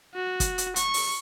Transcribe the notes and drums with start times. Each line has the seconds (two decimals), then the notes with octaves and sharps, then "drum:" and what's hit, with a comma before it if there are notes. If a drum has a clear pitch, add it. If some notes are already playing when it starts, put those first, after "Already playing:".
0.15 F#4
0.40 drum: kick, hi-hat
0.58 drum: hi-hat
0.76 C#6, drum: hi-hat
0.94 drum: open hi-hat